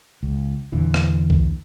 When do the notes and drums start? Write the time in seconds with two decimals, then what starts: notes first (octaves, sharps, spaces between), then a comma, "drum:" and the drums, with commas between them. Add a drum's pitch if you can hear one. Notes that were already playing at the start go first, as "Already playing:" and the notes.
0.23 C#2
0.72 E2 A#2 D3 E3
0.94 drum: rim click
1.30 drum: kick C2